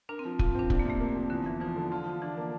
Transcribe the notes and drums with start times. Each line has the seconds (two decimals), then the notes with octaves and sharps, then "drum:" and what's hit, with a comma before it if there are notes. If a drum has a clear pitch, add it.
0.09 D4 A#4
0.19 C4
0.25 F3
0.39 C4 F4, drum: kick
0.55 C4 D4
0.70 D4, drum: kick
0.80 A#3
0.85 C3 A3
1.00 A#3
1.15 F3
1.30 E2 D3
1.45 E2 E3
1.60 E3 F3
1.76 D3
1.92 F4
2.06 F3
2.22 E3 D4
2.37 A#3